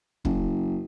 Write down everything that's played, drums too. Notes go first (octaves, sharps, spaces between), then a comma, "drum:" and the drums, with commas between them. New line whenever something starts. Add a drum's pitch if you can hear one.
F#1, drum: kick